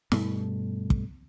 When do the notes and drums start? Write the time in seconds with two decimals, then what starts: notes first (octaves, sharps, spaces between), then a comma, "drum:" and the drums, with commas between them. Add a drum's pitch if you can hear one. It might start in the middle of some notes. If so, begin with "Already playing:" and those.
0.12 G2 B2 G3 A3, drum: snare
0.90 drum: kick